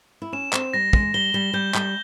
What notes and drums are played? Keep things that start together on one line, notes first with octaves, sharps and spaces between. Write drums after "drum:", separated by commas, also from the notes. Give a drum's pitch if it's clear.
E4
C#4 E7
C4, drum: clap
G3 A#6
G#3, drum: kick
G3 G7
G3
G3 G6
G3, drum: clap